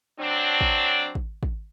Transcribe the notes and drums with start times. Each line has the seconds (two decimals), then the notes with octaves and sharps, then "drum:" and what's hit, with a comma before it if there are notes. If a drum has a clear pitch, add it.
0.20 F#3 C4 D4
0.61 drum: kick
1.15 drum: kick
1.43 drum: kick